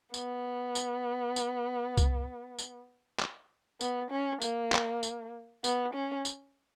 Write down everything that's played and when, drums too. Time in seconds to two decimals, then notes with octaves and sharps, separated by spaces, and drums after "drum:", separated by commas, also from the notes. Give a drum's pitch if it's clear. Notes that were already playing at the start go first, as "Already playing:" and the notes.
0.14 B3, drum: tambourine
0.75 drum: tambourine
1.36 drum: tambourine
1.97 drum: kick C2, tambourine
2.58 drum: tambourine
3.20 drum: clap
3.81 B3, drum: tambourine
4.11 C#4
4.42 A#3, drum: tambourine
4.72 drum: clap
5.03 drum: tambourine
5.64 B3, drum: tambourine
5.94 C#4
6.25 drum: tambourine